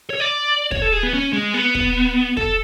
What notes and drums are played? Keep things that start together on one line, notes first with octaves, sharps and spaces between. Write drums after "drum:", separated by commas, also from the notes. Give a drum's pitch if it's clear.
C#5
D5
C#5, drum: kick
A4
G#4
B3
C#4
G#3
B3
drum: kick
A4, drum: kick